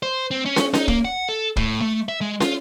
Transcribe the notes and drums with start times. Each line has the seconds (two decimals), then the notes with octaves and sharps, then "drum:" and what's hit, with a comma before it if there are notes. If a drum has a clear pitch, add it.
0.03 C5
0.31 C4
0.46 C#4
0.56 drum: snare
0.74 D#4, drum: snare
0.88 A#3, drum: kick
1.05 F#5
1.29 A4
1.56 A2, drum: kick
1.82 A3
2.09 E5
2.21 G#3
2.41 F4, drum: snare